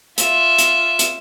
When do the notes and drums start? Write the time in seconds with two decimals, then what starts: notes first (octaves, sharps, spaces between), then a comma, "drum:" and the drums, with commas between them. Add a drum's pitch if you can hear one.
0.18 F4 E5, drum: hi-hat
0.58 drum: hi-hat
0.99 drum: hi-hat